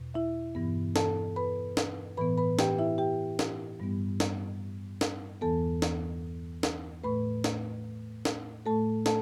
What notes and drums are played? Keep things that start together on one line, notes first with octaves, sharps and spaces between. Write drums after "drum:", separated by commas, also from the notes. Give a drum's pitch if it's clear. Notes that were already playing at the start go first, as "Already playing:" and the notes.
Already playing: E2 B2
E4 E5
G2 E3 B3
A4 A5, drum: snare
B4 B5
drum: snare
A2 E3 B3 B4 B5
B4 B5
G4 G5, drum: snare
E4 E5
G4 G5
drum: snare
G2 G3 B3
drum: snare
drum: snare
E2 E3 B3 A4 A5
drum: snare
drum: snare
A2 A3 B4 B5
drum: snare
drum: snare
A2 A3 A4 A5
A4 A5, drum: snare